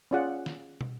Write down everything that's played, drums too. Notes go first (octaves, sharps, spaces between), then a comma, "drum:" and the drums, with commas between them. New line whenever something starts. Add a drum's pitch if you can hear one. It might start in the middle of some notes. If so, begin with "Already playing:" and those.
C#4 F4 G#4 D5 F#5
drum: snare
drum: tom